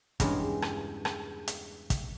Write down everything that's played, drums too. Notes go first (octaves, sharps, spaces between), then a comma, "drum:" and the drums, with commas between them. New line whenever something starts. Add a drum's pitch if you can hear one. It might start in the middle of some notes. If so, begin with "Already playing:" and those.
E2 G2 C#3 G#3 A#5, drum: kick, hi-hat
drum: rim click
drum: rim click
drum: hi-hat
drum: kick, hi-hat